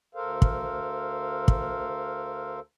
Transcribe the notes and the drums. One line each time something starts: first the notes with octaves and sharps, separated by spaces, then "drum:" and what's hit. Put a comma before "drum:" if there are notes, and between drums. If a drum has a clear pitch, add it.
D2 A4 A#4 C5 F5
drum: kick
drum: kick